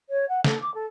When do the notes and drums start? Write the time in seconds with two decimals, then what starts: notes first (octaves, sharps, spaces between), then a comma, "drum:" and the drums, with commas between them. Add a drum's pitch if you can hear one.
0.09 C#5
0.29 F#5
0.44 A4, drum: snare
0.62 D6
0.75 A4